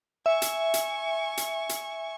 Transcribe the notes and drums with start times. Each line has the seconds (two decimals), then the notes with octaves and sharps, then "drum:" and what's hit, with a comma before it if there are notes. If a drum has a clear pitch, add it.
0.26 E5 G#5 C#6
0.42 drum: hi-hat
0.74 drum: hi-hat
1.37 drum: hi-hat
1.69 drum: hi-hat